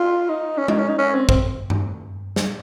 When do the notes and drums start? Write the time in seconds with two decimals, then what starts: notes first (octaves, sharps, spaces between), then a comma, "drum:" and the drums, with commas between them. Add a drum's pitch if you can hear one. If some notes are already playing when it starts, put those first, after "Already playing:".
Already playing: F4
0.30 D#4
0.58 C#4
0.68 D#4, drum: tom G#3
0.78 C#4
0.88 D#4
0.98 C#4
1.15 C4
1.29 C4, drum: kick
1.70 drum: tom
2.36 drum: snare